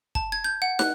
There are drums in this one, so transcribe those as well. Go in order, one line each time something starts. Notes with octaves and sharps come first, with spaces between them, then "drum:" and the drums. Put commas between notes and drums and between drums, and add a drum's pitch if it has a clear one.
A5, drum: kick
G#6
G6
F#5
F#6, drum: snare